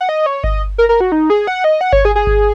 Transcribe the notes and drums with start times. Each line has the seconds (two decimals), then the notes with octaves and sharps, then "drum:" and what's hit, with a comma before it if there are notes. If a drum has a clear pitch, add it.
0.01 F#5
0.09 D#5
0.26 C#5
0.44 D#5, drum: kick G1
0.78 A#4
0.89 A#4
1.00 F#4
1.12 D#4
1.30 G#4
1.47 F#5
1.64 D#5
1.81 F#5
1.93 C#5, drum: kick G1
2.05 G#4
2.16 G#4
2.27 drum: kick G1